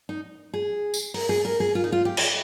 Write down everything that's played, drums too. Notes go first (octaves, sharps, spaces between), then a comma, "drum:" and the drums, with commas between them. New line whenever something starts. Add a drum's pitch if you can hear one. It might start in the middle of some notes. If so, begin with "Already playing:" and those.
D#4
G#4
drum: tambourine
A#4, drum: open hi-hat
G#4
A#4
G#4
F4
D#4
F4
G4
drum: cymbal